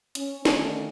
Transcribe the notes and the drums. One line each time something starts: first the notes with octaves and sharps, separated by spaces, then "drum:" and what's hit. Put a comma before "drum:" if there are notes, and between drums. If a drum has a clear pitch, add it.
C#4, drum: hi-hat
D3 D#3 A3 C#4 D4, drum: snare